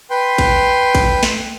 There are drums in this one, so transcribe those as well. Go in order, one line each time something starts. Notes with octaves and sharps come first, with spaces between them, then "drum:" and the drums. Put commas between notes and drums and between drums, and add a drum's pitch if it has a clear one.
B4 G5 C6
drum: kick A1, cymbal
drum: kick A1, cymbal
drum: snare